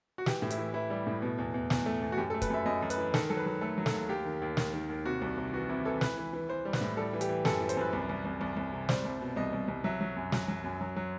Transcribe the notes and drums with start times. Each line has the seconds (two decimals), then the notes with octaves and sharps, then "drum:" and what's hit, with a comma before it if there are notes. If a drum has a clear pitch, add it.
0.18 F#4
0.26 E3 G4, drum: snare
0.42 A2
0.50 E4, drum: hi-hat
0.58 E3
0.74 E3 E4
0.90 G3
1.07 A2
1.22 B2
1.38 E2
1.54 E2
1.70 E2, drum: snare
1.86 A3
2.02 E2
2.12 F#4
2.17 F#2 G4
2.30 A4
2.34 A3
2.42 B4, drum: kick, hi-hat
2.50 F#2 E5
2.66 F#2 D#5
2.82 F#2
2.90 B4, drum: hi-hat
2.98 E3
3.14 D#3 A4, drum: snare
3.30 F#3 A4
3.37 B4
3.46 F#3
3.61 A3 A4
3.78 F#3
3.86 A4, drum: snare
3.93 D#2
4.09 D#2 G4
4.25 D#3
4.42 D#2
4.57 D#3, drum: snare
4.73 D#3
4.89 D#2
5.06 C3 F#4
5.22 C2
5.37 C3
5.53 E3 F#4
5.69 C3 E4
5.85 E3 A4
6.01 E3 B4, drum: snare
6.18 E3
6.33 E3
6.49 E3 C5
6.65 G3
6.73 B4, drum: snare
6.81 A2
6.97 G3 A4
7.13 E3
7.21 G4, drum: hi-hat
7.29 E3
7.45 F#2 A4, drum: snare
7.60 E3
7.69 C5, drum: hi-hat
7.77 F#2 B4
7.93 C2
8.09 C2
8.25 C2
8.41 C2
8.57 C2
8.72 C3
8.89 G3 C5, drum: snare
9.05 C2
9.20 B2
9.36 C2 D#5
9.53 C2
9.68 C2
9.84 F#3 E5
10.01 F#3
10.17 F#2
10.32 F#3, drum: snare
10.48 F#3
10.64 F#2
10.81 F#3
10.96 F#3